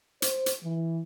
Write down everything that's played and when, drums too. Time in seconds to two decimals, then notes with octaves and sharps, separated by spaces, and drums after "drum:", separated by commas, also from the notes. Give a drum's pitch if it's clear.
0.22 C5, drum: hi-hat
0.46 drum: hi-hat
0.64 E3